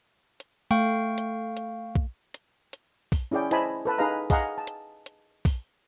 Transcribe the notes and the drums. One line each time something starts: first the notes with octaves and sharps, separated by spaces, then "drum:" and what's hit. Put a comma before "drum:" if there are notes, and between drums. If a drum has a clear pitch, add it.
drum: hi-hat
A3 F5 G5 C#6
drum: hi-hat
drum: hi-hat
drum: kick A#1
drum: hi-hat
drum: hi-hat
drum: kick A#1, open hi-hat
C#4 E4 G#4 D5 G5
E4 C5 D#5 G#5 A5 B5, drum: hi-hat
A4 B4 A5
D#4 G#4 B4 D#5 F5 A#5
G#4 D#5 F5 F#5 A#5, drum: kick A#1, open hi-hat
A5
drum: hi-hat
drum: hi-hat
drum: kick A#1, open hi-hat